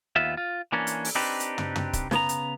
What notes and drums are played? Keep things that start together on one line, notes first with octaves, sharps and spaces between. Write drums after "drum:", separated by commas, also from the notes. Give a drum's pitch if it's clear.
D#2 B3 F4 E5
F4
E3 A#3 C#4 D4
drum: hi-hat
drum: open hi-hat
C4 D4 D#4 G4 B4
drum: hi-hat
drum: tom
drum: tom
drum: kick D1, hi-hat
C#3 B3 A#5, drum: snare
drum: hi-hat